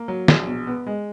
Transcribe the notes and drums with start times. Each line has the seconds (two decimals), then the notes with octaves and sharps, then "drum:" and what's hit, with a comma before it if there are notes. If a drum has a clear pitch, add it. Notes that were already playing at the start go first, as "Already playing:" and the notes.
Already playing: A#3
0.08 F#3
0.28 A#1, drum: snare
0.47 B2
0.67 B3
0.87 G#3